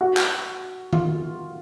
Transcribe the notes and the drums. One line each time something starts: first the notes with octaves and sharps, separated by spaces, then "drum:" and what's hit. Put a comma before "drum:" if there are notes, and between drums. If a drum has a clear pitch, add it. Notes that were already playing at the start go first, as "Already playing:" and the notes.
F#4
drum: clap
F4, drum: tom D#3